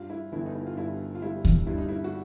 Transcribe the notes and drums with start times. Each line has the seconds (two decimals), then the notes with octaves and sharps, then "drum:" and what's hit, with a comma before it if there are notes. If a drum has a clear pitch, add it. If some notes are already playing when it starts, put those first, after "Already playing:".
Already playing: G2 F4
0.10 E4
0.32 G1 E4
0.46 D#4
0.55 E4
0.66 F4
0.77 G2 E4
1.15 F4
1.22 G3 E4
1.45 drum: kick D#2
1.67 G2 E4
1.78 D#4
1.88 E4
2.04 F#4